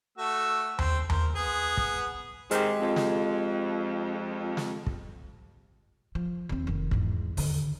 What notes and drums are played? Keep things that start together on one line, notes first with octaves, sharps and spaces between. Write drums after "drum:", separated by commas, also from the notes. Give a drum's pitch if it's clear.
A3 F#4 E6
C4, drum: tom D#2
A#4 C5, drum: tom D#2
B3 G#4
drum: kick
G#2 D#3 G#3 C4 G4, drum: hi-hat
F2
drum: snare
drum: snare
drum: kick
F3
D#2 C4
F1 D#3
E2 G#2, drum: kick
D#2 D3, drum: open hi-hat